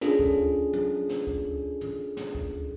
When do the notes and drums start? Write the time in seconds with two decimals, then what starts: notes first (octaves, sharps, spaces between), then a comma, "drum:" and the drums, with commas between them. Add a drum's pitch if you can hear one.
0.01 C#4 D4 F4 G#4 A4, drum: snare
0.19 drum: kick D2
0.73 drum: tom
1.09 drum: snare
1.27 drum: kick D2
1.81 drum: tom
2.17 drum: snare
2.35 drum: kick D2